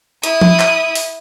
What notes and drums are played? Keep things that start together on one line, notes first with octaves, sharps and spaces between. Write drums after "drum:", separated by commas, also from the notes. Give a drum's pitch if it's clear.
E4 D#6, drum: hi-hat
drum: tom F3
drum: clap
drum: open hi-hat